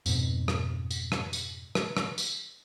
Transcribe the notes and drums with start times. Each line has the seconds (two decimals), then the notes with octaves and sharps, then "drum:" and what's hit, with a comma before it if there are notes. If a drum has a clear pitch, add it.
0.06 F2 G#2 B2, drum: tambourine
0.48 drum: rim click
0.91 drum: tambourine
1.12 drum: rim click
1.33 drum: tambourine
1.75 drum: rim click
1.97 drum: rim click
2.18 drum: tambourine